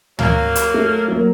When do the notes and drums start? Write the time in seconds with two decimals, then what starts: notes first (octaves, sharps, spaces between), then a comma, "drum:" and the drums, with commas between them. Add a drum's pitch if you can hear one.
0.19 F#3 A#3, drum: tom
0.55 drum: hi-hat
0.74 A3
1.08 F#3 A#3